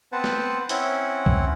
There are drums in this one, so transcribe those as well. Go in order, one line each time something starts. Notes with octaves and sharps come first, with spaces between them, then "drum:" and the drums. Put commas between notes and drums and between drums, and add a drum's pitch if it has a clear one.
B3 C4 B4 C5 F#5 A5
drum: snare
C4 C#4 E4 F#5, drum: hi-hat
drum: kick C2